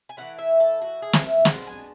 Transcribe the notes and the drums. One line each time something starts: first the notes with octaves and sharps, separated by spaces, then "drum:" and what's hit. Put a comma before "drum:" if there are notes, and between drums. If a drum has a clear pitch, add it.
G#5
E3 A3 C#4 E4 F#5
E5
A4
F#4
G#4
drum: snare
E5
B2 G#3 D4 F#5, drum: snare
G#5